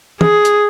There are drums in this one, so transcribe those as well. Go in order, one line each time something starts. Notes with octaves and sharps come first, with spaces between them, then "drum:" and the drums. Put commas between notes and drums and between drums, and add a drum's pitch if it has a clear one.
G#4, drum: tom
drum: hi-hat